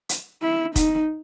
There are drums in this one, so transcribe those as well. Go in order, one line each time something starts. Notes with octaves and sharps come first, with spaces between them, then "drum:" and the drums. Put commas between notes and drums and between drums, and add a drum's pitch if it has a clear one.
drum: hi-hat
E4
D#4, drum: kick, hi-hat